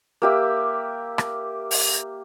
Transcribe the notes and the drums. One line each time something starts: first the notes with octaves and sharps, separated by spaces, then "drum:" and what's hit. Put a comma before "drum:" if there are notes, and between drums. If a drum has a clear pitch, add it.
A#3 G4 E5
drum: rim click
drum: open hi-hat